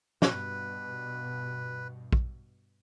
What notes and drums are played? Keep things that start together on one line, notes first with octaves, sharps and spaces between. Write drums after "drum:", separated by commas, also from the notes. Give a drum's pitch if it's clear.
G2 B2 B4, drum: snare
drum: kick